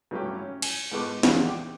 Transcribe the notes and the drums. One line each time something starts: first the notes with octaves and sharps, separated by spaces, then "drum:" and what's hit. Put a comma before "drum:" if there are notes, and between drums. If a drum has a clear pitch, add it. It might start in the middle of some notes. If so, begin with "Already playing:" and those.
G2 F#3 A3 C#4 G4
C#4
G#5, drum: cymbal
G#2 B3 A4 C#6 D6 F#6
A#1 E2 E3 B3 F4 F#5, drum: snare
G5 D6